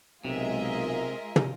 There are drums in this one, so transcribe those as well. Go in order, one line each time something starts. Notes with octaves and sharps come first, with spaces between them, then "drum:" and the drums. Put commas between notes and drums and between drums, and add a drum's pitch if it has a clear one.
B1 C3 G#3 F4 G#4 A#4 D#5 E5
drum: tom